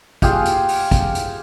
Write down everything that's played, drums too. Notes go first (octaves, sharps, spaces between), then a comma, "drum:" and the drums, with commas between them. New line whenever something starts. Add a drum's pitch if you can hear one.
F4 G4 G#4 F#5, drum: kick, hi-hat
drum: hi-hat
drum: open hi-hat
drum: kick, hi-hat
drum: hi-hat